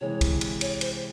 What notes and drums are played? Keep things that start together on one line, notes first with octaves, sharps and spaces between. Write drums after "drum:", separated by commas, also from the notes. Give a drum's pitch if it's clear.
C3 E3 G#3 C#5
drum: kick, cymbal
drum: cymbal
C#5, drum: cymbal
C5, drum: cymbal